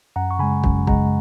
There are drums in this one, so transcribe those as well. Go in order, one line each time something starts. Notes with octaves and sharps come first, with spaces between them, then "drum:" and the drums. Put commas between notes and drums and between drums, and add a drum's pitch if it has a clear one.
F#2 F#5 A#5
C#6
C#3 G#3 G#5 B5
F#2, drum: kick
C#3 G#3 F#5 A#5, drum: kick